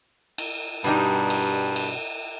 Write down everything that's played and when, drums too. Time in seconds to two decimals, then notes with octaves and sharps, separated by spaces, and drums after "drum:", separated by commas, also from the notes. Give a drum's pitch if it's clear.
0.38 drum: cymbal
0.84 G2 B2 G3 D#4
1.30 drum: cymbal
1.76 drum: cymbal